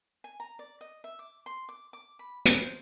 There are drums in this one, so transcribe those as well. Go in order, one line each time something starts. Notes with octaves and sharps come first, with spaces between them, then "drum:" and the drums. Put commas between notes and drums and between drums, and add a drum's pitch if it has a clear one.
G#5
A#5
D5
D#5
E5
D6
C6
D6
D6
B5
B4, drum: hi-hat
C5